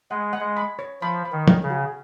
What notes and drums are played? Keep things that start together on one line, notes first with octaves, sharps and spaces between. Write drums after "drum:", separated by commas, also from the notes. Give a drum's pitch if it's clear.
G#3 F#5
F#5
G#3
B5
C#5
F3 B5
B5
D#3
C#5, drum: tom
C#3
F#4